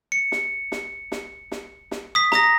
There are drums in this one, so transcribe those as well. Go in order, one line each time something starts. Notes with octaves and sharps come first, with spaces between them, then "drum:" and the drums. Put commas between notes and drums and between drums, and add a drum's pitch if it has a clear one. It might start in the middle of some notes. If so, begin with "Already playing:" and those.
C#7
drum: snare
drum: snare
drum: snare
drum: snare
drum: snare
D#6 B6
A#5 D#6 A#6, drum: snare